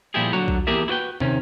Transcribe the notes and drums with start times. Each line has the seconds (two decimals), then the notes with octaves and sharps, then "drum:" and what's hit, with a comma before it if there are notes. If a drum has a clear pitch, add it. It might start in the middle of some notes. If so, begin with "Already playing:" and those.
0.14 A#2 F3 G3 E4 G4 G#4
0.33 D3 F#3 F#4 A#5
0.48 drum: kick
0.67 E2 A#3 G4 G#4 A#4 E5
0.88 E4 F#4 B4 G5
1.20 C3 D#3 C#4, drum: tom